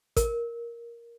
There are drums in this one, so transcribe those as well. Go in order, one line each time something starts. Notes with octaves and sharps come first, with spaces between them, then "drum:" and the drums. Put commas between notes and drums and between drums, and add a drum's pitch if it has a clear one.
A#4, drum: kick A1, hi-hat